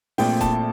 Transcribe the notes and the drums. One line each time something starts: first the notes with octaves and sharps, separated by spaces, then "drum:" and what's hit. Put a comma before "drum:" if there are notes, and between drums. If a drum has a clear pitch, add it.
A#1 A#2 A3 C4 G5, drum: open hi-hat
A5, drum: kick E1, hi-hat